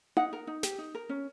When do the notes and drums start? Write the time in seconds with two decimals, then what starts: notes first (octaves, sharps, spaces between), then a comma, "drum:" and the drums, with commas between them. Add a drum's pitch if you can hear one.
0.17 D#4 F#5, drum: tom D#4
0.33 A#4
0.47 D#4
0.63 G4, drum: snare
0.78 D#4
0.95 A#4
1.09 C#4